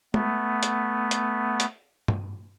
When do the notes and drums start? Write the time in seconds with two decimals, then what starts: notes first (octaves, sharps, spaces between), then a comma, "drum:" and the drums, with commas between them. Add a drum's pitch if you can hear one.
0.14 A3 B3, drum: tom
0.63 drum: hi-hat
1.11 drum: hi-hat
1.60 drum: hi-hat
2.08 drum: tom G2